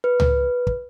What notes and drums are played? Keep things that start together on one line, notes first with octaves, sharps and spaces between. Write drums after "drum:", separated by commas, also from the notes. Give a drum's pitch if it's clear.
B4
drum: tom C#2
drum: kick